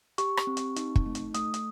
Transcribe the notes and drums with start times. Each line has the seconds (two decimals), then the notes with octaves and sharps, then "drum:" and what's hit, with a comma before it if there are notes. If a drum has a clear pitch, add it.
0.18 G4 C#6, drum: hi-hat
0.37 drum: rim click
0.47 C4
0.57 drum: hi-hat
0.76 D#4, drum: hi-hat
0.96 drum: kick
1.06 A3
1.15 drum: hi-hat
1.34 A3 D#6, drum: hi-hat
1.54 drum: hi-hat